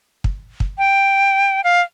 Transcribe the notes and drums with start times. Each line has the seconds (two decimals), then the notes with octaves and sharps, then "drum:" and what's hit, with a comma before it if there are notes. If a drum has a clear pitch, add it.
0.24 drum: kick
0.60 drum: kick
0.78 G5
1.64 F5